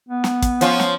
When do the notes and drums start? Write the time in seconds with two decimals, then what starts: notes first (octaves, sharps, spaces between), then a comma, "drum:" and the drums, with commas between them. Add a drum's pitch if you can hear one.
0.09 B3
0.24 drum: snare
0.42 drum: kick, hi-hat
0.61 F3 C#4 F4, drum: hi-hat
0.80 drum: snare